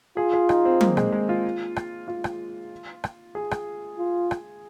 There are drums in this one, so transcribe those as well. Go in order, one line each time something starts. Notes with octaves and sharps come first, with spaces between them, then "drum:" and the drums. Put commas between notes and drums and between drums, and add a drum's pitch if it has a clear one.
F4 G#4
G#4
D#4, drum: rim click
C4
A#3, drum: tom F#3
G#3, drum: rim click
G#3
F4
drum: rim click
F4
drum: rim click
drum: rim click
G#4
drum: rim click
F4
drum: rim click